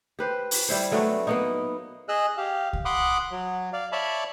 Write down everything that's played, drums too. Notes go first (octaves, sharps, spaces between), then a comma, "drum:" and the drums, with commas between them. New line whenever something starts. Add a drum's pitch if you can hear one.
G4 B4 C5
drum: open hi-hat
G3 E4 C5
F#3 A3 B3 D4
A#3 B3 D#4
G#4 D#5 E6 F#6
G4 F5
drum: kick C2
F#5 B5 C6 D6 D#6 F#6
F#3
D5 F5
C#5 D5 E5 A5 B5